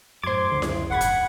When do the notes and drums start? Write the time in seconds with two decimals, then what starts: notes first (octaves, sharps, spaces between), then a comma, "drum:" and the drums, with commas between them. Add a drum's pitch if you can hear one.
0.24 F#2 A2 C5 C6 D6 G#6
0.51 C#2 F#2 D3
0.62 drum: snare E4
0.90 G#1 F#5 B5 G#6
1.01 drum: kick, hi-hat